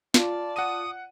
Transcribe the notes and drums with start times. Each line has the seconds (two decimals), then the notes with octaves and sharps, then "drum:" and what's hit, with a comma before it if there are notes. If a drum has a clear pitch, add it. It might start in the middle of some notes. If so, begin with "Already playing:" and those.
0.14 F4 D5 A5, drum: snare
0.56 F#5 D#6 D#7